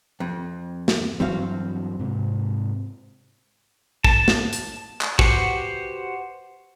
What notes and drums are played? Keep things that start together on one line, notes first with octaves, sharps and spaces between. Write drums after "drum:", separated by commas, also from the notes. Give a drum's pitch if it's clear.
F2
drum: snare
G2 E3 F#3 C4 F#4 F5
G#2 C3
A5, drum: kick
drum: snare
drum: hi-hat
drum: clap
F#4 G4 B4 C5 F#5, drum: kick